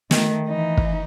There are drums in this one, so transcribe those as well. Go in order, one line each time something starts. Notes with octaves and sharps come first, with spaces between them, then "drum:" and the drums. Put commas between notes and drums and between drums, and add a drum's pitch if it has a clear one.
D#3 A3, drum: snare
E3 D#4
drum: kick